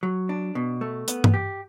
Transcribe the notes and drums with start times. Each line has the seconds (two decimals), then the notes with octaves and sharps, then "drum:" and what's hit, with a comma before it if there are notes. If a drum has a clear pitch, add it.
0.03 F#3
0.29 D4
0.55 B2
0.81 A3
1.08 B3, drum: hi-hat
1.24 drum: tom G2
1.34 G4